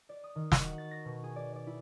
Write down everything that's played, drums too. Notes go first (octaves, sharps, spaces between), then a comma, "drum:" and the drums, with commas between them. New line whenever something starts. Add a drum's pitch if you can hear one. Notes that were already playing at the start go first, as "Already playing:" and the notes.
D5
D#6
D#3
F#4, drum: snare
F#5
A6
A#6
B2
G#4
D5
D5
E4